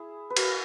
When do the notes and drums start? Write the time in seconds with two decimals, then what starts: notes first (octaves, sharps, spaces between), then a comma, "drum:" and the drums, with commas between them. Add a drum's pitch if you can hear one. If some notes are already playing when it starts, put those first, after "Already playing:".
Already playing: E4 G#4
0.30 B4
0.37 F#4 A#4, drum: cymbal